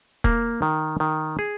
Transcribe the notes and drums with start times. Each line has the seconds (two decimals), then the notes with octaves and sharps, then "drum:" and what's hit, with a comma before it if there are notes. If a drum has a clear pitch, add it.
0.24 A#3, drum: kick
0.62 D#3
1.00 D#3
1.39 G#4